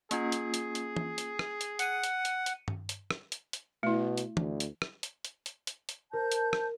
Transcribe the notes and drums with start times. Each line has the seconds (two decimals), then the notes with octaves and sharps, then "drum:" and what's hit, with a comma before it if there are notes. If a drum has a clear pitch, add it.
0.11 A#3 C#4 F4 G#4, drum: hi-hat
0.32 drum: hi-hat
0.54 drum: hi-hat
0.75 drum: hi-hat
0.97 drum: tom
1.18 drum: hi-hat
1.39 drum: rim click
1.61 drum: hi-hat
1.79 F#5 C#7 D#7, drum: hi-hat
2.04 drum: hi-hat
2.25 drum: hi-hat
2.46 drum: hi-hat
2.68 drum: tom G2
2.89 drum: hi-hat
3.11 drum: rim click
3.32 drum: hi-hat
3.53 drum: hi-hat
3.83 B2 A3 E4
4.18 drum: hi-hat
4.37 D2, drum: tom
4.60 drum: hi-hat
4.82 drum: rim click
5.03 drum: hi-hat
5.25 drum: hi-hat
5.46 drum: hi-hat
5.67 drum: hi-hat
5.89 drum: hi-hat
6.13 A#4 C5 A5 G6
6.32 drum: hi-hat
6.53 drum: rim click